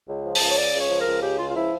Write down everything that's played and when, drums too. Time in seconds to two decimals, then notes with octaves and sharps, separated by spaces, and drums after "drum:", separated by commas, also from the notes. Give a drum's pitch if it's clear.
0.08 C#2
0.25 F3
0.35 A5, drum: open hi-hat
0.40 C#2
0.50 C#5
0.57 C#3 D5
0.73 C#2
0.79 C#5
0.90 F3
1.01 A#4
1.06 C#2
1.22 C#3 G4
1.39 C#2 F4
1.50 F4
1.55 F3 E4